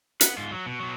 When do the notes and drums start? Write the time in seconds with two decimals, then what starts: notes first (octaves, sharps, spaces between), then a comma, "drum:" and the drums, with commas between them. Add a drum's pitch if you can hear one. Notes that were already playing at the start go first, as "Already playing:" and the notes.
0.21 B4 F#5, drum: hi-hat
0.38 G#2 F4
0.52 F#3
0.66 B2
0.80 B2 F#3